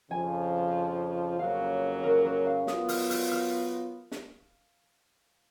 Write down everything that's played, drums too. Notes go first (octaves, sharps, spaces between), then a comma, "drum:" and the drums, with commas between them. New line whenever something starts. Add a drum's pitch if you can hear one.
F2 C#3 F3 G#5
F2 C#3 F#3 A#3 C#4 F5
A#4
A#4
F5
F#3 B3 F4 D#6, drum: snare
F6, drum: open hi-hat
F6, drum: open hi-hat
F6
drum: snare